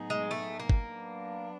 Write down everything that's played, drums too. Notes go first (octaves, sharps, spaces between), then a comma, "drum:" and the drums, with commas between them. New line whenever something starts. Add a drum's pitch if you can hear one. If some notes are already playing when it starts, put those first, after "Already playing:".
Already playing: A2 F#3 B3 D#4 G#4
G#3
A3
A#3
drum: kick
F#3 B3 D4